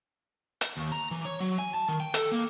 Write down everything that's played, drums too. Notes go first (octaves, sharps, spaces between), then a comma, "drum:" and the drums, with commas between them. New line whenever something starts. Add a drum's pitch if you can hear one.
drum: hi-hat
D#2
A#5
E3
C#5
F#3
G#5
A5
D#3
G5
A4, drum: hi-hat
A#3